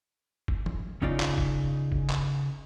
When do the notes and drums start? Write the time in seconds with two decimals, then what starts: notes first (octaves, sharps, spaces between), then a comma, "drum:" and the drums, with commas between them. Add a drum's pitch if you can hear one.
0.48 drum: kick
0.66 drum: tom
1.02 C#3 C#4 D#4 F4 D5, drum: kick
1.20 drum: clap
1.38 drum: kick
1.92 drum: kick
2.10 drum: clap